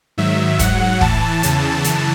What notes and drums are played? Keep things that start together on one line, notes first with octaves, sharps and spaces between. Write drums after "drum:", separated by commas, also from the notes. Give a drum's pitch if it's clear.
G#2 D#3 F#3 E5
G#2 F#3 F#5, drum: kick, hi-hat
A2 E3 A5, drum: kick
E2 C#3 E3, drum: hi-hat
F#2 C#3 E3 A5, drum: hi-hat